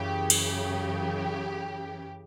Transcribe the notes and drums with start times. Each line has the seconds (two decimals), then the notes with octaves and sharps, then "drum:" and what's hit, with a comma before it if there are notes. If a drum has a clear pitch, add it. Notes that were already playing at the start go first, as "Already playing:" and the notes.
Already playing: F#2 C#3 E3 G4
0.30 drum: cymbal
0.40 G4